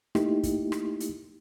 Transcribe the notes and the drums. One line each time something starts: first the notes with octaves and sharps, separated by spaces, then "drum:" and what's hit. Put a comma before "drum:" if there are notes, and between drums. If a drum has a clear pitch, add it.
A3 A#3 D#4 E4 G4, drum: rim click
drum: kick, hi-hat
drum: rim click
drum: hi-hat